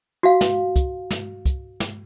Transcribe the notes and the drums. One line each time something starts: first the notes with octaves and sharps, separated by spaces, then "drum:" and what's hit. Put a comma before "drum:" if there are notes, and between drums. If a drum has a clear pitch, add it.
F#4 F5
drum: snare
drum: kick, hi-hat
drum: snare
drum: kick, hi-hat
drum: snare